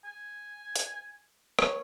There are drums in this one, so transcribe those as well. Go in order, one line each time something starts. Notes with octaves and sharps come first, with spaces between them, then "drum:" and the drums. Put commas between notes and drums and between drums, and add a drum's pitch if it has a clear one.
G#5
drum: hi-hat
C#5, drum: rim click